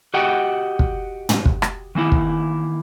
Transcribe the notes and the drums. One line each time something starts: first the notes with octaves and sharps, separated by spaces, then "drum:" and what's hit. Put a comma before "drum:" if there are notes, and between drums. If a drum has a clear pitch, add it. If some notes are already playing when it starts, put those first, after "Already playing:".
F#4 G4 D#5 F#5 G5
drum: kick
drum: tom
drum: kick
drum: rim click
D#3 E3 A#3 E4
drum: kick